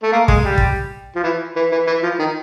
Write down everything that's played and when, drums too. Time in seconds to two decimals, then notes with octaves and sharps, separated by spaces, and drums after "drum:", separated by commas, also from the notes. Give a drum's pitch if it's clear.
0.03 A3
0.12 A#3
0.28 G#3, drum: kick
0.44 G3
0.58 drum: kick
1.16 F3
1.24 E3
1.56 E3
1.72 E3
1.87 E3
2.03 F3
2.19 D#3